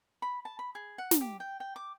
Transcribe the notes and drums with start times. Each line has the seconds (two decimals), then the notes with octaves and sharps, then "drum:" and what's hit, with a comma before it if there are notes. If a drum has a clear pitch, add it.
0.22 B5
0.45 A5
0.59 B5
0.75 G#4
0.98 F#5
1.11 drum: snare
1.21 G4
1.40 G5
1.60 G5
1.76 D6